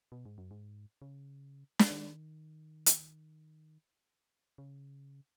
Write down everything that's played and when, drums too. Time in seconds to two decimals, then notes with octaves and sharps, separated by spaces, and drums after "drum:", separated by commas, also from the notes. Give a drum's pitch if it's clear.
0.12 B2
0.25 G#2
0.38 F#2
0.51 G#2
1.02 C#3
1.79 drum: snare
1.91 D#3
2.86 drum: hi-hat
4.58 C#3